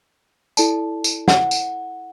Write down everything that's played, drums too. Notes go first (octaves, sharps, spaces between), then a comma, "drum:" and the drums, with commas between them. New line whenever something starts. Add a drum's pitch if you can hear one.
E4 A4 D5 A5, drum: tambourine
drum: tambourine
F#5, drum: snare
drum: tambourine